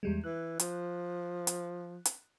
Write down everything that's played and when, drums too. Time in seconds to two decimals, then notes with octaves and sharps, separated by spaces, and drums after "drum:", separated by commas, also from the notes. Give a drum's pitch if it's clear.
0.03 E2 G3 G#3
0.24 E3 F#6
0.60 F3, drum: hi-hat
1.47 drum: hi-hat
2.06 drum: hi-hat